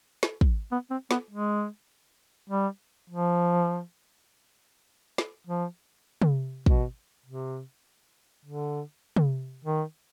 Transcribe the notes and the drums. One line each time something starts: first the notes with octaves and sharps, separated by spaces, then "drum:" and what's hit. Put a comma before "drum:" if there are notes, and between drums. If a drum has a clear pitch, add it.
drum: snare
drum: kick
B3
C4
B3, drum: snare
G#3
G3
F3
drum: snare
F3
drum: tom
B2, drum: kick
C3
D3
drum: tom
D#3